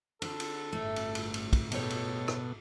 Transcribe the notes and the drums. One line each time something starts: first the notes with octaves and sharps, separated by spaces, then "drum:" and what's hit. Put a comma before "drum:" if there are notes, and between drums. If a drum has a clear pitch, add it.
D3 A4, drum: cymbal
drum: cymbal
G1 A2 A3
drum: cymbal
drum: cymbal
drum: cymbal
drum: kick, cymbal
B2 D#4 G4 A4 C#5, drum: cymbal
drum: cymbal
drum: rim click